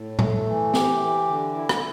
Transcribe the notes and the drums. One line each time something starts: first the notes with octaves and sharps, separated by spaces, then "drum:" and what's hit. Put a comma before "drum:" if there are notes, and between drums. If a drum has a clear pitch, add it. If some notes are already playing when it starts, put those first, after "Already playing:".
Already playing: A2
A3, drum: tom A2
E3
G4, drum: snare
E3
D3
E4
drum: rim click